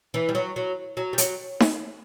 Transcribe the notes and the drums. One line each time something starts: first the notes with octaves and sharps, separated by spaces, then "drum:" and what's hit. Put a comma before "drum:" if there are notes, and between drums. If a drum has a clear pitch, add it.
E3
G3
F#3
F#3
F#3
G3
F#3, drum: hi-hat
drum: snare D#4